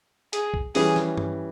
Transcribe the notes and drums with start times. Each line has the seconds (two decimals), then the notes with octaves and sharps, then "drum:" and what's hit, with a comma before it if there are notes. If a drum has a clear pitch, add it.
0.33 G#4, drum: hi-hat
0.54 drum: kick
0.75 E3 G3 C#4 G#4, drum: open hi-hat
0.96 drum: snare F3
1.18 drum: tom G2